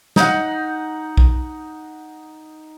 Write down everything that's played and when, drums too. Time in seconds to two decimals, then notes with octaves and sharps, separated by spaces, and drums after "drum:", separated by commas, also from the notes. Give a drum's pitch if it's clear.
0.16 D#4 F#5, drum: snare
1.17 drum: kick B1